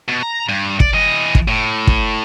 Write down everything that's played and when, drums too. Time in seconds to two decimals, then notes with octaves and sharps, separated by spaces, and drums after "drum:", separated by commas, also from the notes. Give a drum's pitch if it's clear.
0.08 B2
0.23 A#5
0.49 G2
0.80 D5, drum: kick
0.94 E3 D#5
1.35 drum: kick
1.48 A2
1.87 drum: kick